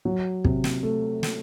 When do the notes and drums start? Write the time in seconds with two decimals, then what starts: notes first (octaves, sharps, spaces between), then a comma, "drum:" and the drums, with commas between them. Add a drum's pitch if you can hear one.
0.05 F#3
0.45 C3, drum: kick
0.64 drum: snare
0.83 A3
1.23 drum: snare